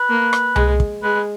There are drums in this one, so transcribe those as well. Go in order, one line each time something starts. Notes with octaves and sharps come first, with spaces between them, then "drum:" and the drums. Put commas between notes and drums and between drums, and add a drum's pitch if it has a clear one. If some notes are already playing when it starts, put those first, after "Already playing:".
Already playing: B4
A#3
drum: rim click
G#3, drum: tom C2
drum: kick
G#3 B4